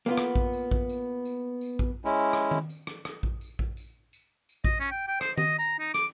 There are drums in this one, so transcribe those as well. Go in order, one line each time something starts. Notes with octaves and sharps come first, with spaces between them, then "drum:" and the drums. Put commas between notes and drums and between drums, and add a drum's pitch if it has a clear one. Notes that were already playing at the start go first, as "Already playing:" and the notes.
A#3 B3 F4
drum: rim click
drum: kick A#1
drum: tambourine
drum: kick A#1
drum: tambourine
drum: tambourine
drum: tambourine
drum: kick A#1
G#3 C#4 E4
drum: rim click
drum: tom D#3
drum: tambourine
drum: rim click
drum: rim click
drum: kick A#1
drum: tambourine
drum: kick A#1
drum: tambourine
drum: tambourine
drum: tambourine
D#5, drum: kick A#1
C#4
G5
G5
C5, drum: rim click
D#5, drum: tom D#3
A#5, drum: tambourine
D#4
D6, drum: rim click